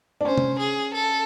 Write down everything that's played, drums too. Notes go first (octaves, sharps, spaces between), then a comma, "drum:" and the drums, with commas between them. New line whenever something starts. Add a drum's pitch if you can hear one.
D4
C#4 C5
drum: tom C3
G#4
A4